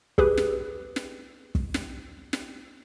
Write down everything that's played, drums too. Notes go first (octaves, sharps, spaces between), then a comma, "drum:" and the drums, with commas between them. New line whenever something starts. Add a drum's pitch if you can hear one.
G4 G#4 B4, drum: kick
drum: snare
drum: snare
drum: kick
drum: snare
drum: snare